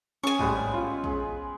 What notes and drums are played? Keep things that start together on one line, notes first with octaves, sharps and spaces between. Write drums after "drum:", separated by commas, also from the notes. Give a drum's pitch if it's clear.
C#4 G#4 F5 G#5 A#5 C#6
A2 G3 G#3 B3 C4, drum: kick
F4
G#3, drum: kick